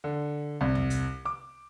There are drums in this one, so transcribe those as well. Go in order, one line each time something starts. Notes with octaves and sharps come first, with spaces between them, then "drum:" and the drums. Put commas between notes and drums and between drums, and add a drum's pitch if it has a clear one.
D3
C2
drum: tom E2
drum: hi-hat
D6